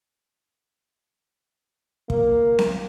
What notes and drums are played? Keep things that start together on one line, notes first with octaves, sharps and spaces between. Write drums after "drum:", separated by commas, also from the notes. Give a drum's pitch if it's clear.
A#3, drum: kick
drum: snare C4